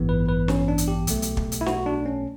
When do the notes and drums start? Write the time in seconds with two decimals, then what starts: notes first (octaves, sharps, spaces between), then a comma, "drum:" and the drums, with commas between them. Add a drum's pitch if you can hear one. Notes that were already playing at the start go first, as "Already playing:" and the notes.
Already playing: A1 G2 E3 B3
0.09 B4
0.29 B4
0.48 C#4, drum: snare
0.68 D4
0.78 drum: hi-hat
0.88 G4
1.07 B1 B2 A3, drum: hi-hat
1.22 drum: hi-hat
1.37 drum: kick
1.52 drum: hi-hat
1.61 E4
1.66 F#4, drum: snare
1.86 D4
2.06 C#4